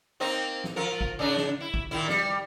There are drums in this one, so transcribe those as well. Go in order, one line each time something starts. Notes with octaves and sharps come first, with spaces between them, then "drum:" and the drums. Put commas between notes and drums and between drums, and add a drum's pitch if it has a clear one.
A#3 C4 D#4
drum: snare
F3 F4 A#4
drum: kick
C#3 D4 D#4
drum: snare
E4
drum: kick
A#2 D#3 E4
G3, drum: snare